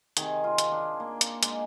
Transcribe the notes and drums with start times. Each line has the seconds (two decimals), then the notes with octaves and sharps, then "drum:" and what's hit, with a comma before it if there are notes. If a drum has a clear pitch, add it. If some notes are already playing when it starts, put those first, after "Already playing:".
0.17 C3 D#3 G#4, drum: hi-hat
0.44 F4
0.58 drum: hi-hat
0.72 D4
1.00 A#3
1.21 drum: hi-hat
1.43 G#3, drum: hi-hat